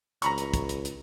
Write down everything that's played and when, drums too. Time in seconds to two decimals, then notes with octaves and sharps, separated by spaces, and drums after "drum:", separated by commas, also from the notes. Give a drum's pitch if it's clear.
0.22 C#2 A#5 B5 C#6, drum: hi-hat
0.38 drum: hi-hat
0.54 drum: kick, hi-hat
0.69 drum: hi-hat
0.85 drum: hi-hat